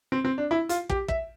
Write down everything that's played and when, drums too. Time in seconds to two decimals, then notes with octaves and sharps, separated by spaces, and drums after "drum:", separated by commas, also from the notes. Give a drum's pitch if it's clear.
0.12 C4
0.25 C4
0.38 D4
0.51 E4
0.69 F4, drum: hi-hat
0.89 G4, drum: kick
1.08 E5, drum: kick